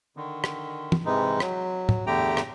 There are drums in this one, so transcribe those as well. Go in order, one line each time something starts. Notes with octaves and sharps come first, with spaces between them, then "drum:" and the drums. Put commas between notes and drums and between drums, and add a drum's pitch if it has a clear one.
D3 D#3
drum: rim click
drum: tom
G#2 C3 E3 G#3 D#4
F#3, drum: rim click
drum: tom
E2 D3 A3 G4 G5 A#5
drum: rim click